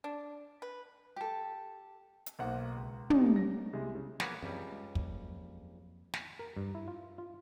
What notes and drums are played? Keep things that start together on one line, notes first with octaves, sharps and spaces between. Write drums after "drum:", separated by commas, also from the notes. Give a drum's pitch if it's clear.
D4
B4
G4 A4
drum: hi-hat
B1 A#3 C5 F#5
C#2
G3 C#4 D#4, drum: tom
A#6
C2 G#3
C#3
F3 A#3 B3 C#5, drum: snare
C#2 F#2 E3 G3 C4
G#3
F2 F#3 A#3, drum: kick
drum: snare
A#4
G2
E4
F4
F4